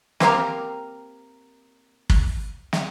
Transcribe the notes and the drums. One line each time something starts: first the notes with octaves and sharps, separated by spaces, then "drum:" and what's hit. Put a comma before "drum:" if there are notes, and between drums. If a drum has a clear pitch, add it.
A#3 C4 G4 A#4, drum: snare
drum: kick
drum: snare